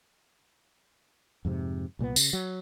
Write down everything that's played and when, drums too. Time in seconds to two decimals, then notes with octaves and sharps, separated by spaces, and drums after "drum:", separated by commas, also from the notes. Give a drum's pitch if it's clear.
1.45 F2 G#2 C3
1.99 C2 A#2 G3 B3
2.16 C#3, drum: tambourine
2.33 F#3